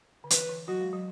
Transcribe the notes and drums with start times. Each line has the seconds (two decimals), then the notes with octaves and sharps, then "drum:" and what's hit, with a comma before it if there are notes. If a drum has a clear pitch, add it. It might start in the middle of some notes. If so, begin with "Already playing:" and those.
0.24 D3
0.30 E3 B4, drum: hi-hat
0.49 E3
0.68 F#3 F#4
0.81 G#3
0.93 F#3